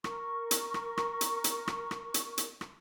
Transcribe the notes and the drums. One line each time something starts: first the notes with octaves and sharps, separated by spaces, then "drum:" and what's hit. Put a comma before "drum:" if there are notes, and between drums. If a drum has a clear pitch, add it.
A#4 C#6, drum: rim click
drum: hi-hat
drum: rim click
drum: rim click
drum: hi-hat
drum: hi-hat
drum: rim click
drum: rim click
drum: hi-hat
drum: hi-hat
drum: rim click